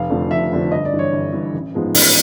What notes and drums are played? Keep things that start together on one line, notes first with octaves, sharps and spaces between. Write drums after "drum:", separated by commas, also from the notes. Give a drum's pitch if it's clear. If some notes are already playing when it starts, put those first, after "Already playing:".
Already playing: F1 F5
F2 D3 F3 A3
F1 E5
F2 D3 F3 A3
G1 D#5
D5
G2 E3
C#5
G1
G2 E3
A1
G#2 F3 G#3 B3
A1, drum: open hi-hat